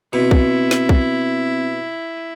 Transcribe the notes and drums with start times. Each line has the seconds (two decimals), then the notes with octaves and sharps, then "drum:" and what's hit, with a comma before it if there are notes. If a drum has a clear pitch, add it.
0.13 B2 C4 E4
0.31 drum: kick B1
0.71 drum: snare
0.89 drum: kick B1